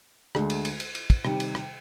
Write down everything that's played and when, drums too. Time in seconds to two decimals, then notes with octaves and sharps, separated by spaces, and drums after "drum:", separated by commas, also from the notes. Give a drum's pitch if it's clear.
0.35 D2 D3 G#3, drum: rim click
0.50 drum: cymbal
0.65 drum: cymbal
0.80 drum: cymbal
0.95 drum: cymbal
1.10 drum: kick, cymbal
1.25 C3 D#3 G3, drum: rim click
1.40 drum: cymbal
1.55 drum: rim click